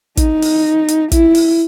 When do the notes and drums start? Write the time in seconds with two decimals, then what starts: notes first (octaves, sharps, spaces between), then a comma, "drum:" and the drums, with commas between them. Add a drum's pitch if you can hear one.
0.17 D#4, drum: kick, hi-hat
0.42 drum: open hi-hat
0.88 drum: hi-hat
1.12 E4, drum: kick, hi-hat
1.35 drum: open hi-hat